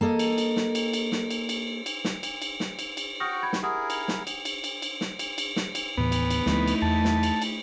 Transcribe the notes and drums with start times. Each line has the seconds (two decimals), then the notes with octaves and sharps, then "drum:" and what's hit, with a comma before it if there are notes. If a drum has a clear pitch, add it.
0.01 A#3 A4 D#5
0.19 drum: cymbal
0.38 drum: cymbal
0.56 drum: snare
0.75 drum: cymbal
0.93 drum: cymbal
1.12 drum: snare
1.30 drum: cymbal
1.49 drum: cymbal
1.86 drum: cymbal
2.05 drum: snare
2.23 drum: cymbal
2.42 drum: cymbal
2.60 drum: snare
2.79 drum: cymbal
2.97 drum: cymbal
3.20 F#4 G5 C#6 D#6 F6 A#6
3.43 B5 G#6
3.53 drum: snare
3.63 E4 G4 G#4 A#4 F#5 D#6
3.90 drum: cymbal
4.08 drum: snare
4.27 drum: cymbal
4.45 drum: cymbal
4.64 drum: cymbal
4.82 drum: cymbal
5.01 drum: snare
5.19 drum: cymbal
5.38 drum: cymbal
5.56 drum: snare
5.75 drum: cymbal
5.97 D#2 A2 E3 B3
6.12 drum: cymbal
6.30 drum: cymbal
6.46 D2 F3 A3 C4 D#4 E4, drum: snare
6.68 drum: cymbal
6.82 E2 A5
7.05 drum: snare
7.23 drum: cymbal
7.42 drum: cymbal